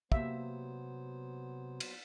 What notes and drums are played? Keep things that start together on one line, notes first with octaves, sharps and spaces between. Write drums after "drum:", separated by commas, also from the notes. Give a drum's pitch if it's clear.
C3 F#3 A#3 B3 G4 C5 E5 F5, drum: kick
drum: cymbal